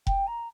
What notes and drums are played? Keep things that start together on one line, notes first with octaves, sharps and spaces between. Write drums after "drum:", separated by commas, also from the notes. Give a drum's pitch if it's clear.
G5, drum: kick F1
A#5